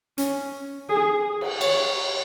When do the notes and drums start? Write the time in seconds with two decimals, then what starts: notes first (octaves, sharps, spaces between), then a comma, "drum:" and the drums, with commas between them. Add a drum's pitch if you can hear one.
0.18 C#4, drum: hi-hat
0.89 G#4
1.41 drum: cymbal
1.61 C#5, drum: cymbal